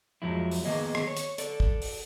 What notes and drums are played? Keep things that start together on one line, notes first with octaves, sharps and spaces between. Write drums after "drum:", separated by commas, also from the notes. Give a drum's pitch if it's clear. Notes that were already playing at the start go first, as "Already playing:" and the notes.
F2 F3 F#3 G#3 E4
drum: open hi-hat
D#3 A#3 B3 G#4 D#5
drum: rim click
C#5
drum: hi-hat
A4 D5, drum: hi-hat
drum: kick
drum: open hi-hat